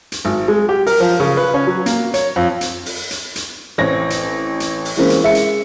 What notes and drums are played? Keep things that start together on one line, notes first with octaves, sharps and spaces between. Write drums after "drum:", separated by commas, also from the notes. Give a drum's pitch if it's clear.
drum: hi-hat
G#1
G#3
G4
A#4, drum: open hi-hat
F3
C#3
B4
C#4
F#3
A#3, drum: hi-hat
C#5, drum: hi-hat
F2
drum: hi-hat
drum: open hi-hat
drum: hi-hat
drum: hi-hat
A1 C4 C#5 A#6
drum: hi-hat
drum: hi-hat
drum: open hi-hat
E3 G#3 A#3 C4 C#4
drum: hi-hat
G#3 E5 C#7
drum: hi-hat